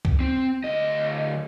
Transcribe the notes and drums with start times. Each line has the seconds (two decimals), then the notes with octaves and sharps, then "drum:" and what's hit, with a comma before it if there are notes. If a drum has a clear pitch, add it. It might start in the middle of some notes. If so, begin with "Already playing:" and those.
0.05 drum: kick
0.20 C4
0.64 D2 D#5